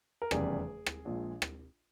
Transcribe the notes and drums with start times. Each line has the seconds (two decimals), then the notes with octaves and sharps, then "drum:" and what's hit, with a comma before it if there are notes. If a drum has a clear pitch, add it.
0.22 A#4
0.31 F1 E2 C#3 G3 G#4, drum: rim click
0.86 drum: rim click
1.05 A#1 A#2 G#3
1.42 drum: rim click